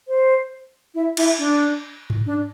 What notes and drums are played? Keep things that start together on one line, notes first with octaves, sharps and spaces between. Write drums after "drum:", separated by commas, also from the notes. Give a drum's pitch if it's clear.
C5
E4
E4, drum: cymbal
D4
drum: tom G#2
D4